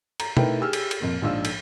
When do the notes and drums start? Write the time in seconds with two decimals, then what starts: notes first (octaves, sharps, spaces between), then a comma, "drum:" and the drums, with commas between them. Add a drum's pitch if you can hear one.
0.20 A#5, drum: cymbal
0.37 A3 D#4 E4 A#4 B4 G5, drum: tom
0.60 G4 G#4 E6 F6
0.73 drum: cymbal
0.91 drum: cymbal
1.00 F2 A#2 A#3
1.22 A#1 G#2 F3 D4 F5 E6
1.45 drum: cymbal